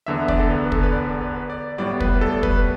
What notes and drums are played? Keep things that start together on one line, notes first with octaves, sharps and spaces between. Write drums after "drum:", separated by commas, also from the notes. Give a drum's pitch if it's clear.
E2 D3 B3 E5
D5, drum: kick
A4
B4
A4, drum: kick
B4
D5
B4
D5
A2 G3 B3 D5
B4, drum: kick
A4
B4, drum: kick